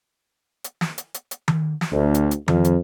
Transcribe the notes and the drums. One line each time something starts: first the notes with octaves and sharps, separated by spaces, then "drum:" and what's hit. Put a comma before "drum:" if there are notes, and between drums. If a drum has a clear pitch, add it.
drum: hi-hat
drum: snare
drum: hi-hat
drum: hi-hat
drum: hi-hat
drum: tom D#3
drum: snare
D2
drum: hi-hat
drum: hi-hat
F2, drum: tom D#3
drum: hi-hat